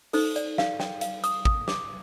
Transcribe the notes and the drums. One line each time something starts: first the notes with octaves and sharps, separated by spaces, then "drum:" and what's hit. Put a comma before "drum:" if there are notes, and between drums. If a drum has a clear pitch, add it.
D#4 A4 C5, drum: open hi-hat
D5, drum: hi-hat
F5, drum: snare
G5, drum: snare
F5, drum: hi-hat
D#6, drum: hi-hat
D#6, drum: kick
D6, drum: snare